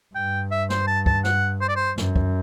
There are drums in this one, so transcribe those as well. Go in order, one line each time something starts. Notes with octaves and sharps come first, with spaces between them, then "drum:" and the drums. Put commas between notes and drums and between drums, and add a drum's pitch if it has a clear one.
G2 G5
E5
C5, drum: snare
A5
A5, drum: kick
F#5, drum: snare
C5
D5
C5
F#2, drum: snare
drum: kick